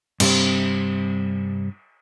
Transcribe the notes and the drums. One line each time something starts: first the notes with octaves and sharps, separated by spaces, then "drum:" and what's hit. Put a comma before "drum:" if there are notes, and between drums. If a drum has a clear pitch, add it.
G2 C3 G3 C4, drum: cymbal